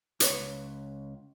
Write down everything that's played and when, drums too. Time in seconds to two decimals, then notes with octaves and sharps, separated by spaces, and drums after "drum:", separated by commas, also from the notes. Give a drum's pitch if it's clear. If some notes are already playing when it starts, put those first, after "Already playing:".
0.20 C#2 B4 C#5, drum: hi-hat